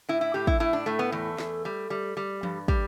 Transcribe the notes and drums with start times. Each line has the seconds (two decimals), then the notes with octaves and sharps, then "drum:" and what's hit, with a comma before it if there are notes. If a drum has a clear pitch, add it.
0.09 A2 E4
0.21 E4
0.34 A2 G4
0.47 E4, drum: kick
0.60 A2 E4
0.73 D4
0.86 A2 A3
0.99 B3
1.12 E2 A3
1.38 E2, drum: snare
1.65 G3
1.90 G3
2.17 G3
2.43 G2, drum: tom E3
2.68 G3, drum: kick